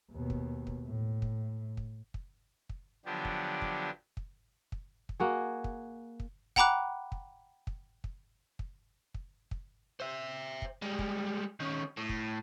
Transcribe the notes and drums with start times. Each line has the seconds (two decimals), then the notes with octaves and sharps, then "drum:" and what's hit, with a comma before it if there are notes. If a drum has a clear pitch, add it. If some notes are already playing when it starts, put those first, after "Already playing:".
0.11 D#2 B2
0.30 drum: kick
0.67 drum: kick
0.85 A2
1.22 drum: kick
1.77 drum: kick
2.14 drum: kick
2.69 drum: kick
3.06 D3 F3 F#3 B3 D4 G4
3.25 drum: kick
3.62 drum: kick
4.17 drum: kick
4.72 drum: kick
5.09 drum: kick
5.20 A#3 F#4 G#4
5.64 drum: kick
6.20 drum: kick
6.56 F#5 G5 A#5 B5 D6 F#6, drum: kick
7.12 drum: kick
7.67 drum: kick
8.04 drum: kick
8.59 drum: kick
9.14 drum: kick
9.51 drum: kick
10.00 C5 E5
10.62 drum: kick
10.82 G3 G#3
10.99 drum: kick
11.60 D#3 C#4
11.97 A2
12.09 drum: kick